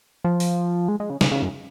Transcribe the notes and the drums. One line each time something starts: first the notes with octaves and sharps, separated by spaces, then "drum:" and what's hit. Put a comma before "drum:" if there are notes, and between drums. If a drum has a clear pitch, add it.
F3
drum: open hi-hat
G#3
G#3
C#3
C#3, drum: snare
C#3
F#2